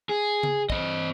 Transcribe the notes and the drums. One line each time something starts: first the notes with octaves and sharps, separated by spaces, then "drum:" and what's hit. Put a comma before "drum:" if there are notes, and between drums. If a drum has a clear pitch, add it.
G#4
drum: tom C#3
C4 D#5, drum: kick